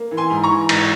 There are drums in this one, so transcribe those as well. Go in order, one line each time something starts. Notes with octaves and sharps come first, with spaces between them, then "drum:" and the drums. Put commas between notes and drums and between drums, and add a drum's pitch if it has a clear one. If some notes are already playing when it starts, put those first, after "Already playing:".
Already playing: A#3
E3
G#5 C6
G#2
A#5 C#6
E3
G#2, drum: cymbal